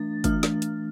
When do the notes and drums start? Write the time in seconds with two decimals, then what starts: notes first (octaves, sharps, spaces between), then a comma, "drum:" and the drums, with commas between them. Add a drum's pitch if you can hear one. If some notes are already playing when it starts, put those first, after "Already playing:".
Already playing: E3 A3 D4 A6
0.24 E3 A3 D4 F6, drum: kick, hi-hat
0.43 drum: snare
0.62 drum: hi-hat